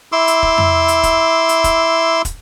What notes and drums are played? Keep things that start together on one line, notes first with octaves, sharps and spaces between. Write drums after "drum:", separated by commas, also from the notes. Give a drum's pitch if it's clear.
E4 C6 D6 E6
drum: hi-hat
drum: kick
drum: tom F2
drum: hi-hat
drum: kick, hi-hat
drum: hi-hat
drum: kick, hi-hat
drum: kick, hi-hat